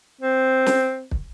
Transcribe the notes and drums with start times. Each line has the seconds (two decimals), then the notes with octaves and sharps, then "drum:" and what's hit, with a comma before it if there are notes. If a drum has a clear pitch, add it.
0.21 C4
0.66 drum: snare
1.11 drum: kick